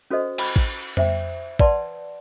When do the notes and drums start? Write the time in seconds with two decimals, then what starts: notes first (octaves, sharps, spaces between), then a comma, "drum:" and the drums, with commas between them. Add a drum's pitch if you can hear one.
0.11 C#4 F#4 A4 C5 D#5
0.38 G5 B5, drum: cymbal
0.56 drum: kick A1
0.97 C5 E5 G5, drum: tom F2
1.59 B4 D5 F#5 A5 C6, drum: kick A1